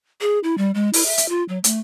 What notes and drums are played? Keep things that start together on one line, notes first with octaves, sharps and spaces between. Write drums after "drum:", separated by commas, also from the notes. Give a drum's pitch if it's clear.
G#4
E4
G3
G#3
E4, drum: open hi-hat
E5
drum: hi-hat
F4
F#3
A3, drum: hi-hat